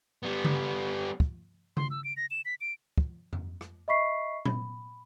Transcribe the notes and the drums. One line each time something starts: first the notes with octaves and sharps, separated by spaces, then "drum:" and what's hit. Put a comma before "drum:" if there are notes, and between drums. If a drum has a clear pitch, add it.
G3 B3
drum: tom C#3
drum: kick
C6, drum: tom C#3
E6
D7
A#6
E7
B6
D7
drum: kick
drum: tom F2
drum: rim click
D#5 E5 B5 C#6 B6 C7
B5, drum: tom A#2